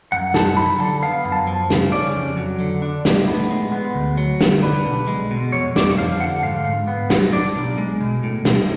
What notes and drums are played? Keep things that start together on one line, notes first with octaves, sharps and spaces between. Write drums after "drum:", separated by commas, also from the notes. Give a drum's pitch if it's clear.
F#2 F#5
F#2 A5, drum: snare
F#3 B5
D3 A5
B3 F5
F#2
A5
F3
C#3, drum: snare
C#4 D5
F2
F#3
D3
D4
A2, drum: snare
B3
G#3
B3
D2
F#3
D3, drum: snare
D4 B4
B1
G#3
B2
F2 C#5
F2 D5, drum: snare
F3 F5
D3 F#5
G#2 F5
G#2
B3
F#3, drum: snare
D4 D5
B1
G#3
B2
A2
A2, drum: snare